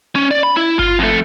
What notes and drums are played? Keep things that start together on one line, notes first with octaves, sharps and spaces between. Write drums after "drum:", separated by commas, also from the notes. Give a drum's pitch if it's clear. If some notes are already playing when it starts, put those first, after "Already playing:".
C#4
D5
B5
E4
F4, drum: kick G1
F2 A3